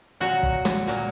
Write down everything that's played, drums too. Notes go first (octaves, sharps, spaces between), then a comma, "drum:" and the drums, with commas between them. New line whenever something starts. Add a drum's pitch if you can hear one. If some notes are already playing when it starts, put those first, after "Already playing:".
A#2 F#3 F#4
drum: kick
drum: snare
A#2 F#3